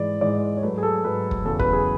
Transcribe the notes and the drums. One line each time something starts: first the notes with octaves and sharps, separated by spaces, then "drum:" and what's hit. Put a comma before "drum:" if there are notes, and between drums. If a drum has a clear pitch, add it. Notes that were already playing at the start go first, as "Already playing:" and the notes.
Already playing: G#2 E3 G#3 D5
G#2 E3 G#3 D5
C#5
G#2 F#3 A3 B4
G#4
A4
G#2 F#3 A3 B4
drum: kick
E2 C#3 F#3 A4
B4, drum: kick
G#4